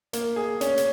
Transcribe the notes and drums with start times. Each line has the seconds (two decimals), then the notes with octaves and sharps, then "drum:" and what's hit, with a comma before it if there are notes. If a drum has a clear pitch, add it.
0.13 A#3, drum: hi-hat
0.36 G#4
0.61 C#4, drum: hi-hat
0.77 drum: hi-hat